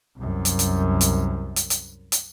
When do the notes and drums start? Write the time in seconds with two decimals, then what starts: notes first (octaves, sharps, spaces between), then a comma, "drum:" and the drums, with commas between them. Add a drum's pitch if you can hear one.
0.17 C2 F#2
0.45 drum: hi-hat
0.59 drum: hi-hat
1.01 drum: hi-hat
1.56 drum: hi-hat
1.70 drum: hi-hat
2.12 drum: hi-hat